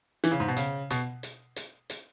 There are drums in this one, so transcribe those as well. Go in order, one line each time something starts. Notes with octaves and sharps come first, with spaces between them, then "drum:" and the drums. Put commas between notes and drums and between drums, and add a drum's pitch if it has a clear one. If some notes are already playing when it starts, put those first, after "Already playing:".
E3, drum: hi-hat
C#3
G#2
B2
C#3, drum: hi-hat
B2, drum: hi-hat
drum: hi-hat
drum: hi-hat
drum: hi-hat